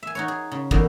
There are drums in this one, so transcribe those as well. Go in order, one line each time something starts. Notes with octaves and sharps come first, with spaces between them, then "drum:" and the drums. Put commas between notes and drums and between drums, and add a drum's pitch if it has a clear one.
E5 G#5
D#4 F#4 C#5
G#4
C#3
E2 B2 D3 A#3 D#4, drum: kick